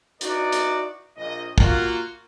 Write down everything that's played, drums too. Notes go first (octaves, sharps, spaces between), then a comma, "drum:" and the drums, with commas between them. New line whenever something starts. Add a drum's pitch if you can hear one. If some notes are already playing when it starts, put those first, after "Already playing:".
D#4 E4 F#4 B4 D5, drum: hi-hat
drum: hi-hat
A#1 D#5
A#3 F4 F#4, drum: kick